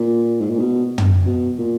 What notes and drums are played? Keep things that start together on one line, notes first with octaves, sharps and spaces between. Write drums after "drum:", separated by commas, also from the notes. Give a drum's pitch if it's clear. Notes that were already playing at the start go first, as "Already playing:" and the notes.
Already playing: A#2
G#2
A#2
B2
drum: tom
B2
A#2